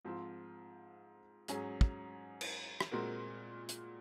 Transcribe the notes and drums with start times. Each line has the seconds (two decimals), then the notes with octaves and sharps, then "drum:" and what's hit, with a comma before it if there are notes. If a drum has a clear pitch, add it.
0.05 G#2 F3 C4 F4
1.48 G#2 F#3 C#4 G#4, drum: hi-hat
1.81 drum: kick
2.41 drum: cymbal
2.80 drum: rim click
2.91 A#2 G#3 C4 F#4 A#4
3.69 drum: hi-hat